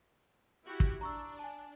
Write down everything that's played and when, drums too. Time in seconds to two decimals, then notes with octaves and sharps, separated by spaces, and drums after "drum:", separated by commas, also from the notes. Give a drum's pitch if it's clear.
0.66 E4 F#4 G4
0.80 drum: kick
1.01 D4 A#5 C#6 E6
1.39 G#5 A5